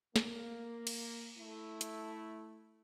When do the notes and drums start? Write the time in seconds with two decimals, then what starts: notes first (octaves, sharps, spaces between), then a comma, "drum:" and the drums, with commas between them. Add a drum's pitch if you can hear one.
0.16 A#3, drum: snare
0.87 drum: cymbal
1.38 A3 E4
1.81 drum: hi-hat